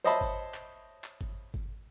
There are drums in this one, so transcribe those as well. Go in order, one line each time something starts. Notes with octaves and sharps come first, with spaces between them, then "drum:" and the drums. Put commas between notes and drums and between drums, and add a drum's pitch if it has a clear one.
C5 C#5 D#5 E5 A5 B5
drum: kick G1
drum: clap
drum: clap
drum: kick G1
drum: kick G1